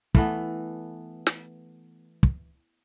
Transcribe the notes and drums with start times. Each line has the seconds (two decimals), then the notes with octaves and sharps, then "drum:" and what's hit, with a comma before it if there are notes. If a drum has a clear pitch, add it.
0.15 E3 A3 B3, drum: kick
1.27 drum: snare
2.23 drum: kick